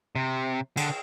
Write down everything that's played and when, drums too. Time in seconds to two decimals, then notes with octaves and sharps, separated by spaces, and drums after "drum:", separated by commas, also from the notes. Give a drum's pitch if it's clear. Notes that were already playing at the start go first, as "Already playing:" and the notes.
0.16 C3
0.77 D3, drum: cymbal